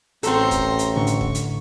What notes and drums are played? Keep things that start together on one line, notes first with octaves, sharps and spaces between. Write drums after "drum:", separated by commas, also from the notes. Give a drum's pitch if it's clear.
A1 C4 F#4 A4 A#5 C6, drum: hi-hat
drum: kick, hi-hat
drum: hi-hat
A2 D3 C#6
drum: hi-hat
drum: kick
drum: hi-hat